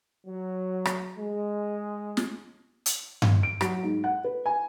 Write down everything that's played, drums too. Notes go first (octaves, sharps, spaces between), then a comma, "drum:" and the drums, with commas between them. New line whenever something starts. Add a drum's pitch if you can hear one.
F#3
drum: rim click
G#3
drum: snare
drum: hi-hat
drum: tom G2
D7
F#3, drum: rim click
G#2
F#5
B4
G#5